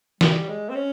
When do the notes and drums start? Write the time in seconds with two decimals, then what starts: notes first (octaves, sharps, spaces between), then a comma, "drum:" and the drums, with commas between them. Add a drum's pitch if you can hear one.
0.21 G3, drum: snare
0.48 G#3
0.69 C4
0.75 C#4